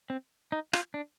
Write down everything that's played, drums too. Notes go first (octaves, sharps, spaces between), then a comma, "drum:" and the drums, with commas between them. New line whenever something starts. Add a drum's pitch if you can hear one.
C4
D#4
F4, drum: rim click
D4